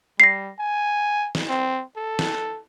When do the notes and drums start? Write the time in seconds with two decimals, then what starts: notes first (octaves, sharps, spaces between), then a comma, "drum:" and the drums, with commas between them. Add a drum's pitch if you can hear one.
0.20 G3 A#6 C7
0.59 G#5
1.35 drum: snare
1.49 C4
1.97 A4
2.19 drum: snare